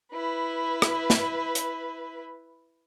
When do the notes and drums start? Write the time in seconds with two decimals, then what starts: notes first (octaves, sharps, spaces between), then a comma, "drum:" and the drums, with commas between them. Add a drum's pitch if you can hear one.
0.11 E4 B4
0.82 drum: rim click
1.10 drum: snare
1.55 drum: hi-hat